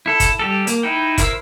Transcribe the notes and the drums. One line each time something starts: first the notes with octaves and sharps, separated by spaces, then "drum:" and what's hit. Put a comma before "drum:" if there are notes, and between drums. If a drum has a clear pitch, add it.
E4 A4
drum: kick, hi-hat
G3 G4 A4
A#3, drum: hi-hat
D#4 E4 G5
E4 A#4 C5 E6, drum: kick, hi-hat